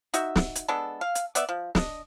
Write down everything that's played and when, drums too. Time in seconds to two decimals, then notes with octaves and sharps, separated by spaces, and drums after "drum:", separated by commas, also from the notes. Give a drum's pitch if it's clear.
0.14 D#4 F#4 E5, drum: hi-hat
0.36 drum: snare
0.55 drum: hi-hat
0.68 G#3 B3 D4 A4
1.01 F5
1.15 drum: hi-hat
1.35 B3 D5 E5, drum: hi-hat
1.49 F3
1.75 D4 D#5, drum: snare